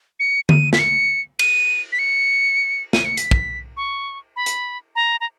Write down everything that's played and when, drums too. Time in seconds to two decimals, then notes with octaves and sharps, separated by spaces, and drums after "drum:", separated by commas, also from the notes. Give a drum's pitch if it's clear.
0.20 C#7
0.49 D#7, drum: tom D3
0.73 B6, drum: snare
0.79 C#7
1.39 D#7, drum: cymbal
1.92 B6
1.99 C#7
2.93 D#7, drum: snare
3.05 C#7
3.17 B6, drum: hi-hat
3.31 drum: kick
3.77 C#6
4.36 B5
4.46 drum: hi-hat
4.95 A#5
5.21 A#5